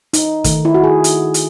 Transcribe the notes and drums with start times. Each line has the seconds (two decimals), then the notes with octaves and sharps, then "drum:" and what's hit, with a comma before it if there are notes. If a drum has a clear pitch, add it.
0.13 D#4, drum: hi-hat
0.44 D#3 A3, drum: kick, hi-hat
0.65 E4
0.74 F#4
0.84 G#4
1.04 drum: hi-hat
1.34 drum: hi-hat